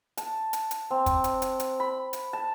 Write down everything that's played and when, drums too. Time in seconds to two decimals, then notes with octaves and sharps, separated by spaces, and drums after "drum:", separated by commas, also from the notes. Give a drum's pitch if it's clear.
0.17 A5, drum: hi-hat
0.53 drum: hi-hat
0.71 drum: hi-hat
0.91 C4
1.06 drum: kick, hi-hat
1.24 drum: hi-hat
1.42 drum: hi-hat
1.60 drum: hi-hat
1.80 B5
2.13 drum: hi-hat
2.33 A5